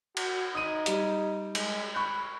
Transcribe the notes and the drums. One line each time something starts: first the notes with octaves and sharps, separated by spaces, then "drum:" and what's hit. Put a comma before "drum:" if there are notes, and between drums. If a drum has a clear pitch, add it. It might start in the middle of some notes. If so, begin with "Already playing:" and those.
F#4, drum: cymbal
D#4 D#6 D#7
G3 G4, drum: hi-hat
G#3, drum: cymbal
B5 C#6 F#6 G6